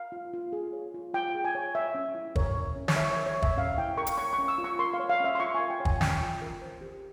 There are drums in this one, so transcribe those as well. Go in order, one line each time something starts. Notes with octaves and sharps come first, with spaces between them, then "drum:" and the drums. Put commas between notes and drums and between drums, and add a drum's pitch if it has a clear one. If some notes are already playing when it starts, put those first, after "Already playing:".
Already playing: F5
F4
F4
G#4
C#5
F4
F4 G5
G#4
G#5
C#5
C#5 E5
C#4
E4
A#4 C#5, drum: kick
C#5
C#4
C#5, drum: snare
E4 E5
A#4 C#5
C#5
C#5
E5, drum: kick
C#4 F5
E4 G5
A#4 C#6
drum: hi-hat
C#5 C#6
C#6
C#4
E6
F4
C#6
A#4 C6
F5
C#5
F5
C#4 E5
C6
F4 C#6
A#4 G#5
G5
C#5
G#5, drum: kick
C#4 G5, drum: snare
F4
A#4
C5
G4